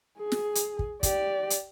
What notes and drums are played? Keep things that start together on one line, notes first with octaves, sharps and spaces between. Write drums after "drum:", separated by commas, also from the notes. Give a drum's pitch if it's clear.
G#4
drum: snare
drum: hi-hat
drum: kick
G4 D5, drum: kick, hi-hat
drum: hi-hat